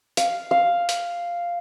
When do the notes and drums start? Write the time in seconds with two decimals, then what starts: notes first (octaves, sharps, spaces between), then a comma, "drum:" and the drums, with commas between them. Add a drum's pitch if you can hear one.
0.17 F5, drum: hi-hat
0.51 F5
0.89 drum: hi-hat